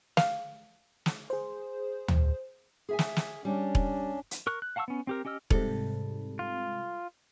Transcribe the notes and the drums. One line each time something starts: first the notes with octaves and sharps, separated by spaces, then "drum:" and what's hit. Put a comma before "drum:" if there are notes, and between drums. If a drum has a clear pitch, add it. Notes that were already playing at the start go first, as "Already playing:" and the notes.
F5, drum: snare
drum: snare
G#4 C5
drum: tom
G#4 E5 G#5
drum: snare
drum: snare
G3 C#4 D4
drum: kick E1
drum: hi-hat
A#4 C#6 F#6
F#6
F5 F#5 A5 C#6 E6
B3 C#4
C4 G4 A#4
C#4 G4 D#5 E6 F6
G#2 C3 G3 A4, drum: kick E1
F4